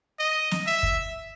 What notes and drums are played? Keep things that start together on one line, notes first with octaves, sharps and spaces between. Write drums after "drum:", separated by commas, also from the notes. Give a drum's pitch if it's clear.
D#5
drum: snare
E5
drum: kick